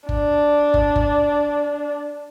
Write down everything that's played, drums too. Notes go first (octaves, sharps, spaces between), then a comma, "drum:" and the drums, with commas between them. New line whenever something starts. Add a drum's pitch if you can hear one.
D4, drum: kick
drum: kick
drum: kick